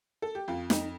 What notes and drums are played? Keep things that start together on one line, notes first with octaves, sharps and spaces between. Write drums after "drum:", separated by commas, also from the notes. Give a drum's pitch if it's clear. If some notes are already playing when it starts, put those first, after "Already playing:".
A4
G4
F2 F4
F2 D#4, drum: snare